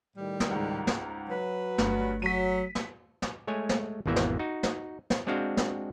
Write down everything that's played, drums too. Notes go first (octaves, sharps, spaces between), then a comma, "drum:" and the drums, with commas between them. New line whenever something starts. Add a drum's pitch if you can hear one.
A2 D#3 G3
drum: snare
C#2 G#2
drum: snare
F#3 B4
G1 G2 A3, drum: snare
F#3 B6 D#7
drum: snare
drum: snare
G#3 A3 C#5 G#5
drum: snare
G#1 E2 B2 E3 A#3 E5
drum: snare
D#4 F#4
drum: snare
drum: snare
G#3 C4 D4 F#4 F5 G5
drum: snare